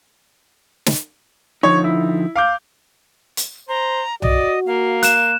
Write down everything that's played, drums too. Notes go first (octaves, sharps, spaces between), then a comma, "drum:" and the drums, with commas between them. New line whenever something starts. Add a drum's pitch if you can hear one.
drum: snare
D3 F3 D#4 C#5
E4
F5 D6 G6
drum: hi-hat
C5 A#5
F#4 D5 D#5, drum: tom B1
A#3 F5
F#6 E7, drum: hi-hat